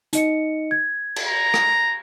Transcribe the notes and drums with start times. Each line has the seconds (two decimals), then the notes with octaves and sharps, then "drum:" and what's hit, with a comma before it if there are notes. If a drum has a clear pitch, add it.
0.13 D#4 D#5 C#7, drum: hi-hat
0.71 G#6
1.16 drum: cymbal
1.27 A#5
1.54 drum: rim click